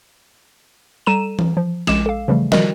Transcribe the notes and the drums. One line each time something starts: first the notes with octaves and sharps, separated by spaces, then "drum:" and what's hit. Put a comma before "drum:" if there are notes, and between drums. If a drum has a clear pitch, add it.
G3 A4 A#5 D#7 E7
drum: tom E3
F3
A#1 G#3 D6 E7, drum: snare
A4 F5
C#3 E3 F3 G3 A3
D#3 F3 G3 F#4 A#4 D#5, drum: snare